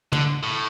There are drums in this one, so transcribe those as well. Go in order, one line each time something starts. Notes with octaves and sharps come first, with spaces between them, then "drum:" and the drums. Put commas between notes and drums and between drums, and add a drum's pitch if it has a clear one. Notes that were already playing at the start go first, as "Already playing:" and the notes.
D3, drum: tom
A2